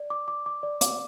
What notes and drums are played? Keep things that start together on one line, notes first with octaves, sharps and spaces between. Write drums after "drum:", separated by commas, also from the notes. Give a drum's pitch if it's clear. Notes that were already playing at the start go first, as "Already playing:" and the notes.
Already playing: D5
D6
D6
D6
D5
D6, drum: hi-hat